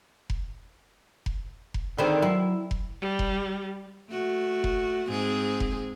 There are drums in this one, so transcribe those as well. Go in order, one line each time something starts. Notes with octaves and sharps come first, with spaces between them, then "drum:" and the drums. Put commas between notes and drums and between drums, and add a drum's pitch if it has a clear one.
drum: kick F1
drum: kick F1
drum: kick F1
D3 D#3 C4 G#4 B5
F#3 E4 C6
drum: kick F1
G3
drum: kick F1
A3 F#4
drum: kick F1
G#2 C4 G#4
drum: kick F1